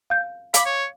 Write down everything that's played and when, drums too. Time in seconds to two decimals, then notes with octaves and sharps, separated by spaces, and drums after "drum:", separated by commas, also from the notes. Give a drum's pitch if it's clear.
0.10 F5 G6
0.54 F5 B5 D6, drum: hi-hat
0.66 C#5